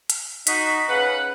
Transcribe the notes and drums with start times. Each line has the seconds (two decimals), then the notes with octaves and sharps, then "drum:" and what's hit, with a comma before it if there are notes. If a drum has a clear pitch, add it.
0.10 drum: hi-hat
0.47 D#4 F#4 B6, drum: hi-hat
0.88 C#3 B4 F#5 F#6